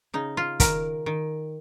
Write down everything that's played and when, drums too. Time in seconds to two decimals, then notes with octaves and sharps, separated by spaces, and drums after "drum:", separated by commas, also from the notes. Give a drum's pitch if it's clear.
0.14 C#3 D#4
0.37 F4
0.60 D#3 A#4, drum: kick, hi-hat
1.06 D#3